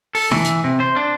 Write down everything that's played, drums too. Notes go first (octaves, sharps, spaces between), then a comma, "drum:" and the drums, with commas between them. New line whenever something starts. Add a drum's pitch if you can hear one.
A4, drum: open hi-hat
E3, drum: tom
drum: hi-hat
C3
C5
D4